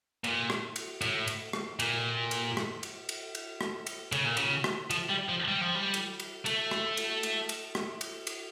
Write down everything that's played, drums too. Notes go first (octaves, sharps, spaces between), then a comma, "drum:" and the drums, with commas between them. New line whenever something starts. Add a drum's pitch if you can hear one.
A#2, drum: cymbal
drum: rim click
drum: cymbal
A2, drum: cymbal
drum: cymbal
drum: rim click
A#2, drum: cymbal
drum: cymbal
drum: rim click
drum: cymbal
drum: cymbal
drum: cymbal
drum: rim click
drum: cymbal
C#3, drum: cymbal
A#2
C#3, drum: cymbal
drum: rim click
F3, drum: cymbal
G3
F3
G3
F3
G3
drum: cymbal
drum: cymbal
A3, drum: cymbal
drum: rim click
drum: cymbal
drum: cymbal
drum: cymbal
drum: rim click
drum: cymbal
drum: cymbal